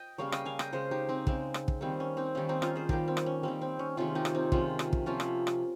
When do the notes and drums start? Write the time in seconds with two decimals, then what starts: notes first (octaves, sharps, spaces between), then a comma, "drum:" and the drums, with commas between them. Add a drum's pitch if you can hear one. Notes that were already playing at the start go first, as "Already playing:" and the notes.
Already playing: D#5 G5
0.18 C#3 G3 A#3 C#5 F5
0.32 D#5 G5, drum: rim click
0.45 F5 G#5
0.59 D#5 G5, drum: rim click
0.72 C#3 G#3 C5 D#5
0.91 D#4 G4
1.09 C4 D#4
1.27 C#3 G#3 C4, drum: kick
1.54 drum: rim click
1.68 drum: kick
1.81 D#3 G3 A#3 C4
2.00 C#4
2.17 C4 D#4
2.35 D#3 G3 A#3 C#4
2.49 C4 D#4
2.62 C#4 F4, drum: rim click
2.75 G#4 C5
2.89 D#3 G3 A#3 G4 A#4, drum: kick
3.08 C4
3.17 drum: rim click
3.26 C#4
3.43 D#3 G3 A#3 C4
3.61 C4
3.79 C#4
3.97 C3 D#3 G#3 C#4 F4
4.15 D#4 G4
4.25 drum: rim click
4.35 C4 D#4
4.52 C3 D#3 G#3 C#4 F4, drum: kick
4.79 drum: rim click
4.93 drum: kick
5.06 C3 F3 A#3 C#4 F4
5.20 drum: rim click
5.47 drum: rim click